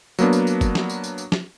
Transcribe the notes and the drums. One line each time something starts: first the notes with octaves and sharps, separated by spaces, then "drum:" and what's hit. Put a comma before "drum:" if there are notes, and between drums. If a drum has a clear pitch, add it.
F#3 A#3 B3 D4, drum: tambourine
drum: tambourine
drum: tambourine
drum: kick, tambourine
drum: snare
drum: tambourine
drum: tambourine
drum: tambourine
drum: snare